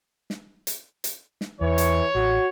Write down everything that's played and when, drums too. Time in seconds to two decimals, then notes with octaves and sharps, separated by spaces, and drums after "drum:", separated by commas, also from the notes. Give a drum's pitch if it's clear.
0.30 drum: snare
0.67 drum: hi-hat
1.04 drum: hi-hat
1.41 drum: snare
1.61 E2 E3 C#5
1.78 drum: hi-hat
2.15 A1 F#4